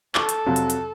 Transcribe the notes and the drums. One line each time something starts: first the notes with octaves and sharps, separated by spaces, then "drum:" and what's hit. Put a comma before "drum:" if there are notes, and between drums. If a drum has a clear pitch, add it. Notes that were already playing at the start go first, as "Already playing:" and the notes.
A4 C#6 D6, drum: clap
drum: hi-hat
F2 C3 F#3
drum: hi-hat
drum: hi-hat